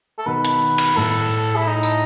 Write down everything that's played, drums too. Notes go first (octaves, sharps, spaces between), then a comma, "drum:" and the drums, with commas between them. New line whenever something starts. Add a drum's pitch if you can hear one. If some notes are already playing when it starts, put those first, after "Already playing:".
A4
B2 D#3 B4
drum: hi-hat
drum: cymbal
A2 A4
E4
D#4
drum: tambourine